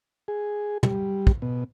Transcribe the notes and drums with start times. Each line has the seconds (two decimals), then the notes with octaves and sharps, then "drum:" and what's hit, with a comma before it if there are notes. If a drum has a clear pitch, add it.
0.28 G#4
0.83 G3, drum: tom
1.27 drum: kick
1.42 B2